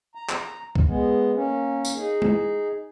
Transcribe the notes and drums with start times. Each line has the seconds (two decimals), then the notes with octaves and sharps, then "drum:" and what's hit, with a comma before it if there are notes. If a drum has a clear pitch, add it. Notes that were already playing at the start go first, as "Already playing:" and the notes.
0.15 A#5
0.29 drum: clap
0.76 drum: kick B1
0.86 G#3 B3
1.34 A#3 C#4
1.85 drum: tambourine
1.96 D#4 G#4
2.22 drum: tom G#3